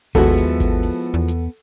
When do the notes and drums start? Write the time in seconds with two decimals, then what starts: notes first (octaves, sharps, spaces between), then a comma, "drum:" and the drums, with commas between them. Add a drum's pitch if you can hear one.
0.15 D#2 F3 G#3 B3 E4 F#4 A4, drum: kick G#1, open hi-hat
0.38 drum: hi-hat
0.60 drum: kick G#1, hi-hat
0.83 drum: open hi-hat
1.14 E2
1.28 drum: hi-hat